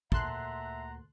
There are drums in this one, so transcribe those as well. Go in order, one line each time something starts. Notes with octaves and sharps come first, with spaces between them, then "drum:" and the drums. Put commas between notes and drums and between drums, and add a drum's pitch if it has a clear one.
D2 A#2 E5 F#5 A5 A#5 C6 F#6, drum: kick